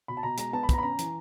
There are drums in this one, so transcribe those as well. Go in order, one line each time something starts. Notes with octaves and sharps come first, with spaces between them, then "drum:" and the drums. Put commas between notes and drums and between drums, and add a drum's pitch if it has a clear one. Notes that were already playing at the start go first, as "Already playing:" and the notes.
B2 B5
A5
B2 A#5
G#3 A#5, drum: hi-hat
B3 A5
B5
B3 A#5, drum: kick, hi-hat
B5
C#4 A#5
E3, drum: hi-hat